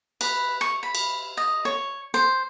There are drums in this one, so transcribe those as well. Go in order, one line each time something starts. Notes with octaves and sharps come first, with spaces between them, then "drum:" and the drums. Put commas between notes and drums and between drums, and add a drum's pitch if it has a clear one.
B4, drum: cymbal
C#6
B5
drum: cymbal
D#5
C#5
C5